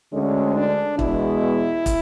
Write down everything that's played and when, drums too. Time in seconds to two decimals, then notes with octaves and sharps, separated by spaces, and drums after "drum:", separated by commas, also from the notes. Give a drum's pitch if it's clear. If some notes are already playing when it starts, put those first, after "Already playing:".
0.12 D2 D3 G#3 C#4
0.55 D4
0.99 E2 B2 G#3 E4, drum: kick
1.86 drum: kick, hi-hat